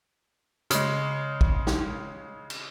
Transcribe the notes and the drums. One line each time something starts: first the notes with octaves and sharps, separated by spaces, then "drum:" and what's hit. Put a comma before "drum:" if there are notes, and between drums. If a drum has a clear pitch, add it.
C#3 G#3, drum: hi-hat
drum: kick
drum: snare
drum: cymbal